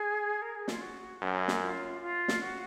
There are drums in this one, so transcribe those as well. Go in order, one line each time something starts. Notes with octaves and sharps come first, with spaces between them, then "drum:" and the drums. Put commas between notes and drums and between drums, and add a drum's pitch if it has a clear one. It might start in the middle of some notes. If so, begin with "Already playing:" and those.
Already playing: G#4
A#4
G#4
F4, drum: snare
F#4
F#2
drum: snare
F4
F4
drum: snare
F#4